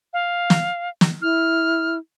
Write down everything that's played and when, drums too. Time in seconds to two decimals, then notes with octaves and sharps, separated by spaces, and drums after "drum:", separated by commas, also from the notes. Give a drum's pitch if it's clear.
0.13 F5
0.50 drum: snare
1.01 drum: snare
1.22 E4 F6